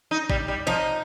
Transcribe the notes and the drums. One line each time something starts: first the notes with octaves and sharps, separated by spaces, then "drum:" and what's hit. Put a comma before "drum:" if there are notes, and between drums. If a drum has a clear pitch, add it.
D#4
G3, drum: kick
G3
F3 D#4